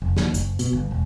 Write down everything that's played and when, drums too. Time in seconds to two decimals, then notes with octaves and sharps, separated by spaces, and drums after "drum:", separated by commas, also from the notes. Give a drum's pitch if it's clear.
0.02 F1
0.17 D#2, drum: snare
0.34 F#1, drum: hi-hat
0.59 B2, drum: hi-hat
0.73 G1
0.91 E1